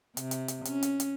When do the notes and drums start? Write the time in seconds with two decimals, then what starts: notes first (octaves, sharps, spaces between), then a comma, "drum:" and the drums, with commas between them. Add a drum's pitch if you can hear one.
0.17 C3, drum: hi-hat
0.31 drum: hi-hat
0.48 drum: hi-hat
0.65 C#4, drum: hi-hat
0.83 drum: hi-hat
1.00 drum: hi-hat